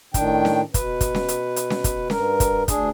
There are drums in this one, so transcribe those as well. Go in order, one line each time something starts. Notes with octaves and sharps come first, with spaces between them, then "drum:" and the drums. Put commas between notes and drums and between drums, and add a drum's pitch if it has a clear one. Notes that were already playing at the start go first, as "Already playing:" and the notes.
A2 D#3 D4 G5, drum: kick, hi-hat
drum: snare C#4
B2 B4, drum: kick, hi-hat
drum: kick, hi-hat
drum: snare C#4
drum: hi-hat
drum: hi-hat
drum: snare C#4
drum: kick, hi-hat
G2 A#4, drum: snare C#4
drum: kick, hi-hat
D2 D4 G#4, drum: kick, hi-hat